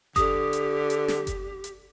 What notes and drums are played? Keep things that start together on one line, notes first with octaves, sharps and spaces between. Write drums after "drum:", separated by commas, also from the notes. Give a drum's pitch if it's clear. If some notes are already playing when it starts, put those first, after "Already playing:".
D3 G4 D#6, drum: kick F#1, hi-hat
drum: hi-hat
drum: hi-hat
drum: snare
drum: kick F#1, hi-hat
drum: hi-hat